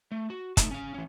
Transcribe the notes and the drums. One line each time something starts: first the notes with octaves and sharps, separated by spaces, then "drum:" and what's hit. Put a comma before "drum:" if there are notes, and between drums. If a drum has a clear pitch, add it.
A3
F#4
A3 D#4 A5, drum: kick, hi-hat
C#4 F5
E3 C#4